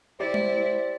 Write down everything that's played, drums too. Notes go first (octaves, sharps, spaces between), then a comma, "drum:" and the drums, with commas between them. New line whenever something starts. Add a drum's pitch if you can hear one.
E4 G4 C5 D5 A6
drum: tom G#3